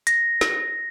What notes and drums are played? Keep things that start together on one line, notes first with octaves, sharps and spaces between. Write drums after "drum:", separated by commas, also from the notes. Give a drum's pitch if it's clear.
A#6, drum: hi-hat
drum: snare